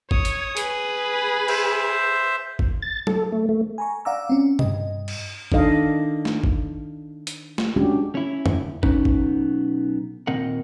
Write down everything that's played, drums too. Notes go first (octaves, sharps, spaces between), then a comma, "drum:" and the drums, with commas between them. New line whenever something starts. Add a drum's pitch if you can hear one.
C#5 D#6, drum: kick
drum: hi-hat
G#4 B4, drum: hi-hat
C5 E5, drum: cymbal
drum: kick
A6
A4, drum: tom F#3
A3
A3
G#5 A#5 C#6
D5 F5 F#5 A#5 D6 E6
C4 C#4
G2 D#5, drum: tom B2
drum: cymbal
D#3 D4 D#4 A4 D#5 F5, drum: kick
drum: snare
drum: kick
drum: hi-hat
drum: snare
G#3 C#4 D4 F#4 G4
C#4 E4
drum: tom F2
B1 C#3 B3 C#4 D#4 B4, drum: kick
drum: kick
D#2 A#2 C4 A#4 D#5 F#5